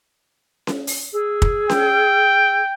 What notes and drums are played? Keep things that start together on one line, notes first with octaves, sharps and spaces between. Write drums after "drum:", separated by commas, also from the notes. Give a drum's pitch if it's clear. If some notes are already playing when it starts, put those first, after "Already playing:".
drum: snare C#4
drum: open hi-hat
G#4 E6
drum: kick
G5, drum: snare C#4